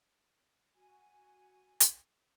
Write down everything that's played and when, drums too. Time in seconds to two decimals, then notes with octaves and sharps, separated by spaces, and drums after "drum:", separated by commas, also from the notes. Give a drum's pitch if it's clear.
0.74 F#4 G#5
1.80 drum: hi-hat